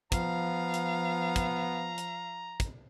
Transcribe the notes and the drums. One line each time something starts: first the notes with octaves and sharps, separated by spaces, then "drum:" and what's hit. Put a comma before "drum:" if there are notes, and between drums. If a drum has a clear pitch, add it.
F3 B3 F5 A#5, drum: kick, hi-hat
drum: hi-hat
drum: kick, hi-hat
drum: hi-hat
drum: kick, hi-hat